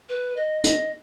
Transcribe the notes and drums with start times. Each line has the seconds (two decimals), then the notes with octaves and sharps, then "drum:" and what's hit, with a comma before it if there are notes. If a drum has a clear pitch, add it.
0.09 B4
0.36 D#5
0.64 D#5, drum: hi-hat